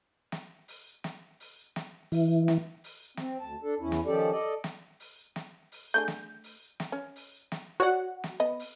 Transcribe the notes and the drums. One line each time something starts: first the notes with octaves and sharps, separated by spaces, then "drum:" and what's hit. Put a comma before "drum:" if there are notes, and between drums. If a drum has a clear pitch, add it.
drum: snare
drum: open hi-hat
drum: snare
drum: open hi-hat
drum: snare
E3, drum: open hi-hat
drum: snare
drum: open hi-hat
C4, drum: snare
D2 A5
D4 A4
E2 C#4 E4
drum: snare
D#3 F3 C#4 G4 A4 D5
A4 D5 D#5
drum: snare
drum: open hi-hat
drum: snare
drum: open hi-hat
A3 D4 G#4 G6
drum: snare
drum: open hi-hat
drum: snare
C#4
drum: open hi-hat
drum: snare
F#4 C#5 D5 F#5
drum: snare
B3 B4 D#5
drum: open hi-hat